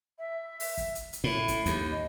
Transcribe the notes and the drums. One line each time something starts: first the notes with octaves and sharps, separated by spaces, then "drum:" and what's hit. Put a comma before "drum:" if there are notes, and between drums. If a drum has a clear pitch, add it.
E5
drum: open hi-hat
drum: kick, hi-hat
drum: hi-hat
drum: hi-hat
A2 B5
drum: kick, hi-hat
D#2, drum: hi-hat
D#5